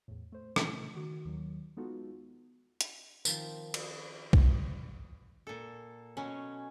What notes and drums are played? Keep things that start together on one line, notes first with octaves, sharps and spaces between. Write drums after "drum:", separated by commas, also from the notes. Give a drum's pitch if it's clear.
E2 A2
A3 C5
A#2 C#3 E3 A3, drum: rim click
D#3 F#4
D#2 D#3 F#3
G#3 B3 D#4 F4 F#4 A4
drum: hi-hat
D#3 F3 C4, drum: tambourine
drum: cymbal
drum: kick
A#2 A4
B2 F#3 C#4